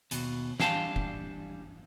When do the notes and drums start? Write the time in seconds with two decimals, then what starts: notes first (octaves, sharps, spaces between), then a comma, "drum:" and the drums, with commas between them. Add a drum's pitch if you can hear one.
0.11 D#2 B2, drum: hi-hat
0.60 E3 G3 D4 F5 G5 A5, drum: snare
0.96 drum: kick